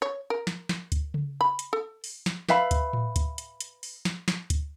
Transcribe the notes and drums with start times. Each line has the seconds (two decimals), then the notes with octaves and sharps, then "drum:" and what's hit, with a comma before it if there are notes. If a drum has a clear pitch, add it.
0.02 C#5
0.30 A#4
0.47 drum: snare
0.69 drum: snare
0.92 drum: kick D2, hi-hat
1.14 drum: tom C#3
1.41 B5
1.59 drum: hi-hat
1.73 A4
2.04 drum: open hi-hat
2.26 drum: snare
2.49 B4 E5 F5 B5, drum: snare
2.71 drum: kick D2, hi-hat
2.93 drum: tom A2
3.16 drum: kick D2, hi-hat
3.38 drum: hi-hat
3.61 drum: hi-hat
3.83 drum: open hi-hat
4.05 drum: snare
4.28 drum: snare
4.50 drum: kick D2, hi-hat